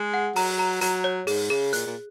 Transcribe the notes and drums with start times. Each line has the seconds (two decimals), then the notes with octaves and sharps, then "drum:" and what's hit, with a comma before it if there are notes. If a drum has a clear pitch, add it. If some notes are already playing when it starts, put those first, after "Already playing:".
Already playing: G#3 G#4
0.14 F#5
0.36 F#3 A#5, drum: open hi-hat
0.59 A#5
0.81 F#3 A#5, drum: hi-hat
1.04 C#5
1.27 G#2 G#4, drum: open hi-hat
1.50 C#3 G#4
1.73 A#2 F#6, drum: hi-hat
1.86 A#2